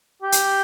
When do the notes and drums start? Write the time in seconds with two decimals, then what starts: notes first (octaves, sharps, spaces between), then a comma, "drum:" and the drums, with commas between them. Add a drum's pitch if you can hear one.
0.23 G4
0.32 drum: hi-hat